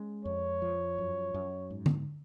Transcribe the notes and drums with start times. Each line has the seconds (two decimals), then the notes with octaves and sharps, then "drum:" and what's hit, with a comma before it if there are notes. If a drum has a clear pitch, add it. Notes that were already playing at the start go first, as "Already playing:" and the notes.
Already playing: G#3 C#4
0.25 F2 C#5
0.62 F3
0.98 F#2
1.34 F#2
1.70 G#2
1.86 drum: tom D3